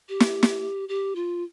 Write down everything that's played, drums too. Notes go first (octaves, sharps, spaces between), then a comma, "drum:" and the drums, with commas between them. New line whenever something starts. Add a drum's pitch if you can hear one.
G4
drum: snare
drum: snare
G4
F4